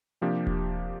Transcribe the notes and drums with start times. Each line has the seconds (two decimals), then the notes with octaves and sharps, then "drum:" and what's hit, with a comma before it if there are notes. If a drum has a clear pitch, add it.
0.21 C3 F3 A#3 D4 G4
0.47 drum: kick D#1